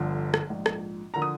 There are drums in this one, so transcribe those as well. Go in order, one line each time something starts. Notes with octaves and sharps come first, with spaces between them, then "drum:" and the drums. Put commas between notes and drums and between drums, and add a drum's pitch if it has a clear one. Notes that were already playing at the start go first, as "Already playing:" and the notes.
Already playing: G1 G2 D3 F3
drum: rim click
A#1 G#2 F3
drum: rim click
D3 F3 A#4 A#5
D#6